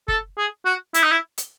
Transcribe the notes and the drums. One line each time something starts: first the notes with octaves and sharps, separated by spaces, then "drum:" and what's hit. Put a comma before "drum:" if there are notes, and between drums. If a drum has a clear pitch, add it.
A4, drum: kick F#1
G#4
F#4
E4, drum: hi-hat
D#4
E4
drum: hi-hat